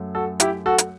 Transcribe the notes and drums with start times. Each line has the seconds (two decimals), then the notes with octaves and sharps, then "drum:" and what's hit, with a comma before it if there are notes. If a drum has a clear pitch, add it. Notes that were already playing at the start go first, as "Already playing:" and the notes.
Already playing: F#2 F#3 A3
0.15 F#4 A4
0.40 E4 G4, drum: hi-hat
0.66 F#4 A4
0.78 drum: hi-hat